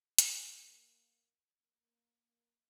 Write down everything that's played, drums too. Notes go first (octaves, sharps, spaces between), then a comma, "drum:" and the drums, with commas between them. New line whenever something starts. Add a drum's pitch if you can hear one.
A#3, drum: hi-hat
A#3